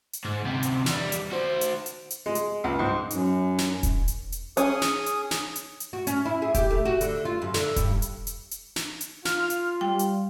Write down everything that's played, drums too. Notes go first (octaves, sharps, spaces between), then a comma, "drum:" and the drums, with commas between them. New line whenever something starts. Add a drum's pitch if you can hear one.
drum: hi-hat
G#2
D2 C3
drum: hi-hat
E2 G3, drum: snare
drum: hi-hat
F#4 C5
drum: hi-hat
drum: hi-hat
drum: hi-hat
G#3
drum: hi-hat
C#2
G#2
F#2, drum: hi-hat
drum: snare
drum: kick E1, hi-hat
drum: hi-hat
drum: hi-hat
C#4 G#4 D#6, drum: hi-hat
drum: snare
drum: hi-hat
drum: snare
drum: hi-hat
drum: hi-hat
F#4
C#4, drum: hi-hat
E4
G#4
G4, drum: kick E1, hi-hat
A3
F#4
D3, drum: hi-hat
F4
F#2
D3, drum: snare
G2, drum: kick E1, hi-hat
drum: hi-hat
drum: hi-hat
drum: hi-hat
drum: snare
drum: hi-hat
F4 F6, drum: snare
drum: hi-hat
G3 G5
drum: hi-hat